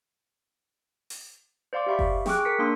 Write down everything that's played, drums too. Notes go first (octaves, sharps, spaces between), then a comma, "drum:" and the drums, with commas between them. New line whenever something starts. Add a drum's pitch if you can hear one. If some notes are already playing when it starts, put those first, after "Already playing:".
drum: open hi-hat
C5 D5 F5 C6 D6
G4 E5 F5 B5 C#6
G4, drum: kick F#1
G#4 G5 C#6 D6 F6 F#6, drum: snare
A#4 B6 C#7
A#3 D4 C6 D#6